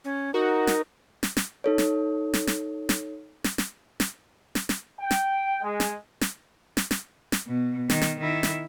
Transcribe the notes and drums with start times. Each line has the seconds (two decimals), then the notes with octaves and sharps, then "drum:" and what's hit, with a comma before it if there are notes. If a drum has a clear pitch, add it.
0.05 C#4
0.34 D#4 F#4 A#4
0.67 drum: snare
1.23 drum: snare
1.37 drum: snare
1.64 D#4 A4 C#5
1.78 drum: snare
2.34 drum: snare
2.47 drum: snare
2.89 drum: snare
3.44 drum: snare
3.58 drum: snare
4.00 drum: snare
4.55 drum: snare
4.69 drum: snare
5.01 G5
5.11 drum: snare
5.63 G#3
5.80 drum: snare
6.21 drum: snare
6.77 drum: snare
6.91 drum: snare
7.32 drum: snare
7.46 B2
7.90 D#3, drum: snare
8.01 drum: snare
8.20 D#3 E4
8.43 drum: snare